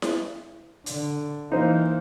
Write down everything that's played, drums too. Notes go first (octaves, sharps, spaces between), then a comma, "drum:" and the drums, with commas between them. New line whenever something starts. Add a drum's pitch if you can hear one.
drum: snare E4
D3, drum: hi-hat
E3 A#3 D#4 C5